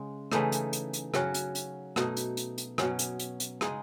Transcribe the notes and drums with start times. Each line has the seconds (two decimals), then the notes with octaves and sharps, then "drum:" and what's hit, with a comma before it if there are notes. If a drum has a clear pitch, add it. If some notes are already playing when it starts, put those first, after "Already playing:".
Already playing: C#3 G#3
0.32 C#3 E3 A3 D#4, drum: rim click
0.52 drum: hi-hat
0.73 drum: hi-hat
0.93 drum: hi-hat
1.14 C#3 F#3 C#4 F#4, drum: rim click
1.34 drum: hi-hat
1.55 drum: hi-hat
1.96 B2 A3 D#4, drum: rim click
2.17 drum: hi-hat
2.37 drum: hi-hat
2.58 drum: hi-hat
2.78 B2 F#3 C#4, drum: rim click
2.99 drum: hi-hat
3.19 drum: hi-hat
3.40 drum: hi-hat
3.61 C#3 G#3 D#4 G#4, drum: rim click